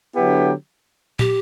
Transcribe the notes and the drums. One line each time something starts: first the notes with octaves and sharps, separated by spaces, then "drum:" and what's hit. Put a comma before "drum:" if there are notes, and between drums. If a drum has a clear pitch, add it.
D3 F#3 B3 E4 G4
G4, drum: tom